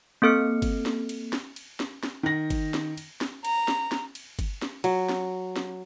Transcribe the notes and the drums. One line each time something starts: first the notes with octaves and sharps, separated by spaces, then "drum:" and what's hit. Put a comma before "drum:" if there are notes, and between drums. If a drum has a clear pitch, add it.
A#3 C4 A4 F6 C#7
drum: kick G1, cymbal
drum: snare
drum: cymbal
drum: snare
drum: cymbal
drum: snare
drum: snare
D#3 A#6
drum: kick G1, cymbal
drum: snare
drum: cymbal
drum: snare
A#5, drum: cymbal
drum: snare
drum: snare
drum: cymbal
drum: kick G1, cymbal
drum: snare
F#3, drum: cymbal
drum: snare
drum: snare